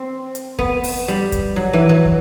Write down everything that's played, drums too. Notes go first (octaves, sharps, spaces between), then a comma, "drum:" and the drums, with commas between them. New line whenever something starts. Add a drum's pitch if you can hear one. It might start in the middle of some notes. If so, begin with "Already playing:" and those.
Already playing: C4
drum: hi-hat
B3, drum: kick
drum: open hi-hat
G3
drum: kick, hi-hat
F#3
E3
F#3
drum: kick